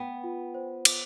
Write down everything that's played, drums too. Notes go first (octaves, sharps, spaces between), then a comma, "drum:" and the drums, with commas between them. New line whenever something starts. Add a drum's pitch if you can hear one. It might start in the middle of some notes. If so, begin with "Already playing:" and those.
Already playing: B3 G5
F4
C5
D6, drum: cymbal